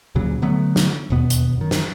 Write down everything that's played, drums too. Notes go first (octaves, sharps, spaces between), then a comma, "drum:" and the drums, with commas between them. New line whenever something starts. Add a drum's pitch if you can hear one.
D2 A#2 C#3 F#3
D3 F#3 A3 B3
drum: snare
E1 D#2 B2 B3
drum: hi-hat
F#2 D#3
drum: snare